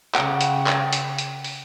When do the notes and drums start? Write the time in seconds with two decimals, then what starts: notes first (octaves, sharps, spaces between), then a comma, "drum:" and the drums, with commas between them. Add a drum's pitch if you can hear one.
0.15 C#3 F#5 G5 D6, drum: clap
0.41 drum: hi-hat
0.67 drum: clap
0.93 drum: hi-hat
1.19 drum: hi-hat
1.44 drum: open hi-hat